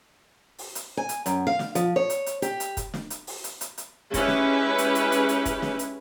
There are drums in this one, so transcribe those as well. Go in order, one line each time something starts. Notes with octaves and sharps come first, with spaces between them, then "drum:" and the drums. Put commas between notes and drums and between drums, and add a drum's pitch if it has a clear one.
drum: open hi-hat
drum: hi-hat
G#5
drum: hi-hat
F#2, drum: hi-hat
F5
drum: snare
F3, drum: hi-hat
C#5
drum: hi-hat
drum: hi-hat
G4, drum: hi-hat
drum: hi-hat
drum: kick, hi-hat
drum: snare
drum: hi-hat
drum: open hi-hat
drum: hi-hat
drum: hi-hat
drum: hi-hat
G#3 C#4 E4 G4 B4, drum: kick, hi-hat
drum: snare
drum: hi-hat
drum: hi-hat
drum: hi-hat
drum: hi-hat
drum: kick, hi-hat
drum: snare
drum: hi-hat